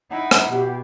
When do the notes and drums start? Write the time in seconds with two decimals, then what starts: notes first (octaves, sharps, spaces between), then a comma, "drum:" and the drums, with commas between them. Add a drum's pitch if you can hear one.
0.11 D#4 E4 F#5
0.31 drum: rim click
0.50 B2 G4